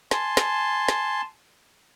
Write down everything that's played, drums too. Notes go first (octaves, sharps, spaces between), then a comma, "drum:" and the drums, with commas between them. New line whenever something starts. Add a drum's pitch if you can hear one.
G#5 A5 C6, drum: snare
drum: snare
drum: snare